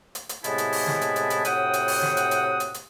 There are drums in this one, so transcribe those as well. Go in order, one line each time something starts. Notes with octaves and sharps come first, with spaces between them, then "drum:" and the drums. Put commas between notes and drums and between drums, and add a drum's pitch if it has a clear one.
drum: hi-hat
drum: hi-hat
A2 C3 G#3 B3 E4 A5, drum: hi-hat
drum: hi-hat
drum: open hi-hat
drum: snare
drum: hi-hat
drum: hi-hat
drum: hi-hat
A2 C3 F#3 F#5 G5 D#6, drum: hi-hat
drum: hi-hat
drum: open hi-hat
drum: snare
drum: hi-hat
drum: hi-hat
drum: hi-hat
drum: hi-hat